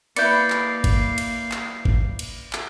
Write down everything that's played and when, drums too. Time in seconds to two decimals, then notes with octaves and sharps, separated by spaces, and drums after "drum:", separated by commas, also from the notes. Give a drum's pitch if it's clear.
0.16 A#3 E4 B4 D5 F5 G6 C#7, drum: cymbal
0.50 drum: clap
0.84 drum: kick, cymbal
1.18 drum: cymbal
1.52 drum: clap
1.85 drum: kick
2.19 drum: cymbal
2.53 drum: clap